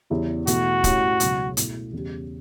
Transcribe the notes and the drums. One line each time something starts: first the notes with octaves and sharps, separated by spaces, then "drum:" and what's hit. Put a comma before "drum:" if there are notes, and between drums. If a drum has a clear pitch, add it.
E2 C#3 G3 C#4 E4
E2 B2 A3 E4 F#4, drum: hi-hat
A2 G3 C#4 E4, drum: kick, hi-hat
C#2 B2 F#3, drum: hi-hat
B2 A3 E4, drum: hi-hat
E2 C#3 G3